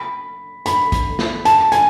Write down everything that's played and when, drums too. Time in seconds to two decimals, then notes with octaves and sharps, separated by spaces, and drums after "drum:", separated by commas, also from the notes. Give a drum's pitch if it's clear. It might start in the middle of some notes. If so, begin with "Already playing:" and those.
Already playing: B5
0.66 B5, drum: hi-hat
0.92 drum: kick, hi-hat
1.19 drum: snare
1.45 A5, drum: hi-hat
1.72 G#5, drum: hi-hat